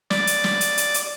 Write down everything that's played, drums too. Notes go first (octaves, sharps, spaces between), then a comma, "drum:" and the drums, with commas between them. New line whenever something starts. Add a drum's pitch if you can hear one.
D5, drum: snare
drum: hi-hat
drum: snare
drum: hi-hat
drum: hi-hat
drum: hi-hat